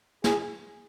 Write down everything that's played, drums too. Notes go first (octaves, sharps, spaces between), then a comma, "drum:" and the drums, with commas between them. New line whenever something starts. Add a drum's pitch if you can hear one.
G#4, drum: snare